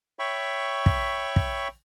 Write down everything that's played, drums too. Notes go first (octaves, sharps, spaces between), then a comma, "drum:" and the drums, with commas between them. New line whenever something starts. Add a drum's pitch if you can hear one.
C#5 E5 G5 B5 C#6
drum: kick
drum: kick